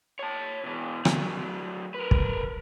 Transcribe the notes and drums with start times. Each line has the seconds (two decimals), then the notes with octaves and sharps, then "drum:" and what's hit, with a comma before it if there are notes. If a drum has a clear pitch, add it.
0.19 C#5 A5
0.64 B2 E3
1.05 F#3 A3, drum: rim click
1.94 A#4 B4
2.11 drum: kick